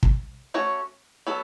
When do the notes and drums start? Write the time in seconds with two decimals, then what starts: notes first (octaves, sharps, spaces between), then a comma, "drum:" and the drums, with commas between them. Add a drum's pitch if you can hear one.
0.03 drum: kick
0.54 A3 C#4 F#4 C#5
1.27 F#3 B3 A4